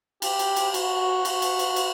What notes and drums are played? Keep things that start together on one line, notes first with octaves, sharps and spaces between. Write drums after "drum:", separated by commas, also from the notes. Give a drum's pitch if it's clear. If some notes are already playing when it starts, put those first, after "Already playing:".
G4, drum: cymbal
drum: cymbal
drum: cymbal
F#4, drum: cymbal
F#4, drum: cymbal
drum: cymbal
drum: cymbal
drum: cymbal